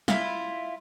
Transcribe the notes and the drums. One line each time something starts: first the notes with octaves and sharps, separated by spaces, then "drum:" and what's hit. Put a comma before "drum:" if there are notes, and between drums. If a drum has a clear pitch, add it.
E4 F4, drum: snare